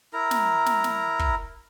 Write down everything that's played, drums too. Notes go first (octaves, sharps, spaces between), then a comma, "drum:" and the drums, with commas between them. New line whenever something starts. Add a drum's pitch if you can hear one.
E4 A#4 A#5
drum: snare
drum: snare
drum: snare
drum: kick